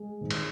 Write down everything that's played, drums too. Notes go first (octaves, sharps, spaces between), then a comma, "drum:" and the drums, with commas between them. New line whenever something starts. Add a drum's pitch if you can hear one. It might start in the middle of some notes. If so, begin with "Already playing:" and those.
Already playing: G#3 G#4
G#1 G#2 D#3
drum: cymbal